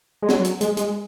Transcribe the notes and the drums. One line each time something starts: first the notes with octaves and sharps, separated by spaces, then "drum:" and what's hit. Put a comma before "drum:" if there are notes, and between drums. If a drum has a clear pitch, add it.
G#3
F#3, drum: snare
drum: hi-hat
G#3, drum: hi-hat
G#3, drum: hi-hat